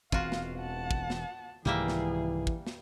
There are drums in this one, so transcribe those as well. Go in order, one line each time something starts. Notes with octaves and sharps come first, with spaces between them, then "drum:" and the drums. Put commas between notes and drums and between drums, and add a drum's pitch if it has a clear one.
E1 E3 C4 F4 F#4 F5, drum: kick
drum: snare
F#5 A5
drum: kick
drum: snare
C2 G#2 D#3 E3 G3 A#3 G#4 E5
drum: snare
drum: kick
drum: snare